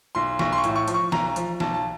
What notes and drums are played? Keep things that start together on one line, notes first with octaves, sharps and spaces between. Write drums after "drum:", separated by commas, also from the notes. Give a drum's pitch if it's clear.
B1 C6
B1 C#6, drum: snare
C6
C#6
A2, drum: hi-hat
C#6
F3, drum: hi-hat
C#6
B1 A#5, drum: snare
F3, drum: hi-hat
B1 A5, drum: snare
A5